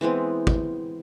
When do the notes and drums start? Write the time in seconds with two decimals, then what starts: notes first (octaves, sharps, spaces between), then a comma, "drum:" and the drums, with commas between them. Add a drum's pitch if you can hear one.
0.01 E3 G#3 B3 C4
0.47 drum: kick